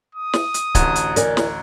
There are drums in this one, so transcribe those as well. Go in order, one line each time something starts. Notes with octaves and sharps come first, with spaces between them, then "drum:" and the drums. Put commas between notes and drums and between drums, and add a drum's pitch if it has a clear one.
D#6
drum: snare
drum: hi-hat
A1 D2 A#5 F#6 G#6, drum: kick C#1, hi-hat
drum: hi-hat
A#4 D5 G#5, drum: hi-hat
drum: snare